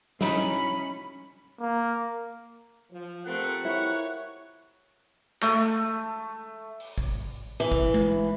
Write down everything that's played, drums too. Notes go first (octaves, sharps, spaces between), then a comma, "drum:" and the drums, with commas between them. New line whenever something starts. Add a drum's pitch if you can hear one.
C#4 D#4 E4 F#4 C#5 B5, drum: snare
A#3
F3
A3 C4 F4 G4 A#4 F#5
E4 C#5 C#6
A3, drum: clap
drum: open hi-hat
drum: kick
E3
drum: kick
drum: tom G#3